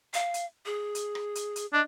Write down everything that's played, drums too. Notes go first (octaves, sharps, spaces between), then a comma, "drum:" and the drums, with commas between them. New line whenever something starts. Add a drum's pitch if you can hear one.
F5, drum: hi-hat
drum: hi-hat
G#4
drum: hi-hat
drum: rim click
drum: hi-hat
drum: hi-hat
D4 D#5